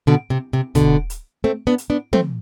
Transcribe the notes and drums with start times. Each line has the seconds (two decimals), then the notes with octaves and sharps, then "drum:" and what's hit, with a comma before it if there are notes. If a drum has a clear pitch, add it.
0.07 B2 D3
0.30 C3
0.53 C3
0.75 B2 D3, drum: kick, hi-hat
1.10 drum: hi-hat
1.44 A3 C4
1.67 B3 D4
1.78 drum: hi-hat
1.90 B3 D4
2.13 A3 C4, drum: tom